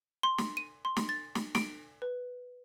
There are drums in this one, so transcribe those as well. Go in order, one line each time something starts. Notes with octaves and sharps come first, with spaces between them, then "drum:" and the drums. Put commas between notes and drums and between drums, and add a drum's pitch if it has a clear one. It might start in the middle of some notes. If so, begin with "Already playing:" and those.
C6
drum: snare
D#7
C6
drum: snare
A6
drum: snare
D7, drum: snare
B4